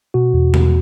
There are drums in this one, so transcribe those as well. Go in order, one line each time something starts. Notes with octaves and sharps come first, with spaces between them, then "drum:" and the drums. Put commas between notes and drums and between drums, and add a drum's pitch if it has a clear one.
B2 F#4
E2
E2, drum: tom B2